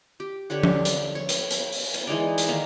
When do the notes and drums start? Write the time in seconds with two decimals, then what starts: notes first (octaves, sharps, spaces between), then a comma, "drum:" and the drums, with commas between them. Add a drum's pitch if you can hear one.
0.20 G4
0.50 D3 G4 C#5 F#5
0.63 drum: tom F3
0.85 drum: hi-hat
1.15 C#5
1.29 drum: hi-hat
1.51 drum: hi-hat
1.72 drum: open hi-hat
1.94 drum: hi-hat
2.07 E3 G#3 D#4 D5
2.38 drum: hi-hat
2.48 D#3 A#3 A#4 E5